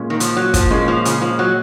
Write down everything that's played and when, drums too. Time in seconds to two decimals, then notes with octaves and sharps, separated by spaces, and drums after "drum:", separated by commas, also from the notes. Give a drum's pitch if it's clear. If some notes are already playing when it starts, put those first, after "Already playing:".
Already playing: A#2 G#3 C#4
0.10 D#3
0.20 F3, drum: hi-hat
0.37 F#3
0.54 F3, drum: kick, hi-hat
0.71 A#2 F3 G#3 C#4
0.88 F3
1.05 C#3, drum: hi-hat
1.22 F3
1.39 F#3